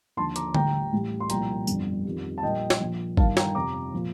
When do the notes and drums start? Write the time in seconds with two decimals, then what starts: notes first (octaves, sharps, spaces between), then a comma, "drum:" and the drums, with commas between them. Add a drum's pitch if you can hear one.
0.17 D#2 D3 F3 A5 C6
0.36 A#5 D6, drum: hi-hat
0.55 A1 A2 G3 G5 A#5, drum: tom D3
0.93 A1 A2 G3
1.20 C6
1.30 C2 A#2 F3 G5 A#5, drum: hi-hat
1.67 G1 F2 D3, drum: tambourine
2.05 F2 D#3 G3
2.38 A5
2.43 A#1 A#2 G3 D#5 G5
2.70 drum: snare
2.80 A#1 A#2 F3
3.17 G1 G2 D#3 G3 F5 A5, drum: kick
3.37 G5 A#5, drum: snare
3.55 F2 C3 G3 A#5 D6
3.94 A#2 F3